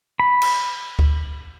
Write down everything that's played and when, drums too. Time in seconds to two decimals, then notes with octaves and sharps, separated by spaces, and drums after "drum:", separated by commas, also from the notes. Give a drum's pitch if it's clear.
0.20 B5
0.42 drum: cymbal
0.99 drum: kick D2